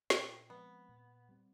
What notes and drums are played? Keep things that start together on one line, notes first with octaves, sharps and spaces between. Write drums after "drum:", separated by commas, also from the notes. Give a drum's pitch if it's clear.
A#2 C4, drum: snare
F3 G#3 B3 C4
A#2
G3 C4